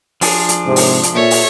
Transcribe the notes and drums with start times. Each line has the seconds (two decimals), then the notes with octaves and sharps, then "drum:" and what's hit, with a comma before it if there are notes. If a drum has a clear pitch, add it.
0.21 F3 D4 G#4, drum: open hi-hat
0.49 drum: hi-hat
0.66 G#2 C3
0.76 drum: open hi-hat
1.03 drum: hi-hat
1.13 A#2 A4 C#5 E5
1.31 drum: open hi-hat